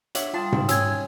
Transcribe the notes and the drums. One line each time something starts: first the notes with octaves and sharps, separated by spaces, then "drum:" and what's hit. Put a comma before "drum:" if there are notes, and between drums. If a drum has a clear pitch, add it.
D4 C#5 E5 F#5, drum: hi-hat
G3 F4 A5 C6 D#6
drum: tom G#2
C#4 E6 G#6, drum: hi-hat